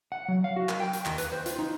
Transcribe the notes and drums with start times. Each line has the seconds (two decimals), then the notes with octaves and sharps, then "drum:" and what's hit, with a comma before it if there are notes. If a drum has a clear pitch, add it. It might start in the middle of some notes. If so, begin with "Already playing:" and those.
0.12 F#5
0.28 F#3
0.44 F5
0.56 F#4
0.69 A#4, drum: clap
0.80 G5
0.93 drum: hi-hat
1.05 D#2, drum: clap
1.18 B4, drum: hi-hat
1.32 C5
1.46 F4, drum: hi-hat
1.59 D#4